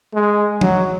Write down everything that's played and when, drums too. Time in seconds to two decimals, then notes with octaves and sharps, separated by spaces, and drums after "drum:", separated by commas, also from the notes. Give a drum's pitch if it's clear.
0.14 G#3
0.61 F#3, drum: tom